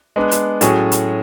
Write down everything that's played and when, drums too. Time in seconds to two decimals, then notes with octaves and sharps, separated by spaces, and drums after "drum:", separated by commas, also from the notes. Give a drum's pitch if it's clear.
0.16 G#3 B3 D4
0.31 drum: hi-hat
0.61 A2 F#3 C#4 G#4, drum: hi-hat
0.92 drum: hi-hat